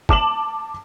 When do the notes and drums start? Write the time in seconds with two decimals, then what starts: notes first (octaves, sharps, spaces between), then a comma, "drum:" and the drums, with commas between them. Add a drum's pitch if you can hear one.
0.09 A5 D6 E7 F#7, drum: kick